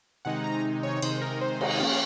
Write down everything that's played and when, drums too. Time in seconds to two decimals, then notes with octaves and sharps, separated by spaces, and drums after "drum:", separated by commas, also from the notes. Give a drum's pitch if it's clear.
0.25 C3 D#3 G#3 D#4 F#5
0.44 A#5
0.83 C#5
1.02 C3 D#3 G#3 D#4 C5, drum: cymbal
1.22 A#4
1.41 C5
1.61 D#5, drum: cymbal
1.80 F3 A#3 C#4 F5